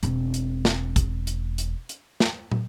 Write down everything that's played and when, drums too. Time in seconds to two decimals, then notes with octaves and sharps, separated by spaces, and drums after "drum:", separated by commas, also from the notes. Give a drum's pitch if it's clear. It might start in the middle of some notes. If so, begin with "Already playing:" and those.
0.03 E1 C4, drum: hi-hat
0.34 drum: hi-hat
0.65 drum: snare
0.96 drum: kick, hi-hat
1.27 drum: hi-hat
1.58 drum: hi-hat
1.89 drum: hi-hat
2.20 drum: snare
2.52 drum: tom